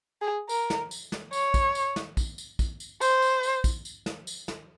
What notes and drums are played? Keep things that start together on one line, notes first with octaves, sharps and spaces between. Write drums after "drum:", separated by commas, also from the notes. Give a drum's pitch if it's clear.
G#4
A#4, drum: tambourine
drum: snare
drum: tambourine
drum: snare
C#5, drum: tambourine
drum: kick, tambourine
drum: tambourine
drum: snare
drum: kick, tambourine
drum: tambourine
drum: kick, tambourine
drum: tambourine
C5, drum: tambourine
drum: tambourine
drum: tambourine
drum: kick, tambourine
drum: tambourine
drum: snare
drum: tambourine
drum: snare